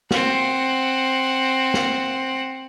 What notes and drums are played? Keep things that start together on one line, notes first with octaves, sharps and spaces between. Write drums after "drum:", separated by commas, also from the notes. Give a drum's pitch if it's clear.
C4 F#5, drum: snare
drum: snare